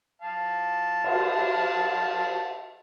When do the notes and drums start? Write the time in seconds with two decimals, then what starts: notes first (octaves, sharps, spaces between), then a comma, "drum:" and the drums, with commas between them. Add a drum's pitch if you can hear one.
0.22 F5 A5
1.04 drum: cymbal